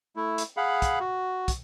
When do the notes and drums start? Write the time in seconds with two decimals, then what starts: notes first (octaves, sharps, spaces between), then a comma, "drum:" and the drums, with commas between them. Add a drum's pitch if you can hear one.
0.16 A3 E4
0.38 drum: hi-hat
0.57 G#4 F5 F#5 B5
0.82 drum: kick, hi-hat
1.00 F#4
1.48 drum: kick, hi-hat